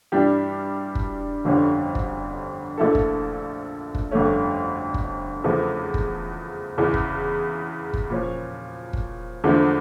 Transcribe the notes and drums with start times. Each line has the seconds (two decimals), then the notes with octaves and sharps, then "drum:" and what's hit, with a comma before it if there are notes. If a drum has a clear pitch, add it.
0.12 G2 E3 G3 D4 G4
0.95 drum: kick
1.45 G1 F2 D3 G3 C#4
1.95 drum: kick
2.78 A#1 A#2 A3 E4 A4
2.95 drum: kick
3.95 drum: kick
4.11 G1 F2 D3 A3 C#4
4.94 drum: kick
5.44 E2 C#3 F3 A3
5.94 drum: kick
6.78 E2 C#3 E3
6.94 drum: kick
7.94 drum: kick
8.10 A#2 F3 C#4
8.93 drum: kick
9.44 E2 D3 F3 A3